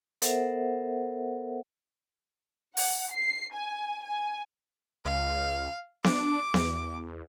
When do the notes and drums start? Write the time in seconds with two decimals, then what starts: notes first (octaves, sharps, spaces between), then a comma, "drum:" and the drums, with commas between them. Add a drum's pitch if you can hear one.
0.22 B3 A4 A#4 C5 E5 F#5, drum: hi-hat
2.77 F#5, drum: open hi-hat
3.13 C7
3.55 G#5
4.04 G#5
5.05 C#2 F5
6.04 D4 D6, drum: snare B3
6.54 E2, drum: snare B3